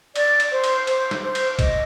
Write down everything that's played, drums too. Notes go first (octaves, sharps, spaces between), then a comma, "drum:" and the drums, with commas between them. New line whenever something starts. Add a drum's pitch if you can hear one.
D5, drum: cymbal
drum: cymbal
C5
drum: cymbal
C5, drum: cymbal
drum: snare
C5
drum: cymbal
D#5, drum: kick, cymbal